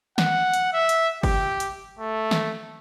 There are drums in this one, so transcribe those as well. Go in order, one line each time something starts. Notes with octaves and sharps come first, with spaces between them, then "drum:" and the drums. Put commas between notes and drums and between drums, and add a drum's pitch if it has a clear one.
F#5, drum: snare
drum: hi-hat
E5
drum: hi-hat
G4, drum: kick G1, open hi-hat
drum: hi-hat
A3
drum: snare